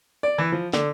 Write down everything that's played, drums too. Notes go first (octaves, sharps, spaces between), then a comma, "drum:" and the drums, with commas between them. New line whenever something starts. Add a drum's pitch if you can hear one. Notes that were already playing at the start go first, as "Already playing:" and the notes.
D5
E3
F3
D3, drum: snare